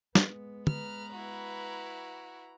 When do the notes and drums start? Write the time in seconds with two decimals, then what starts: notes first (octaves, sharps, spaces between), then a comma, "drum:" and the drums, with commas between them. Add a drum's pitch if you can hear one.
0.15 G#3 B3, drum: snare
0.67 B4 A#5 F6, drum: tom
1.12 E4 F#4